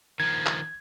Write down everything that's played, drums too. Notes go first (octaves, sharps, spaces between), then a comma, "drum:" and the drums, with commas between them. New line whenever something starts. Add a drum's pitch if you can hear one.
D#3 F3 G#6
drum: clap